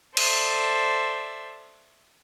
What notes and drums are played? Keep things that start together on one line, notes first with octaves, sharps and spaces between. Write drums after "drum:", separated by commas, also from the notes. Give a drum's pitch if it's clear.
A4 C5 D5 E5, drum: cymbal